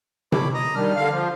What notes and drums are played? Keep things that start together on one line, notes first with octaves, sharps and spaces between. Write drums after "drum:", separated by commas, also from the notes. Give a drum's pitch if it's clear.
C#5 B5 D6, drum: tom C3
D#5 A#5
D#3 G3 D4 F6
D3 F5
F3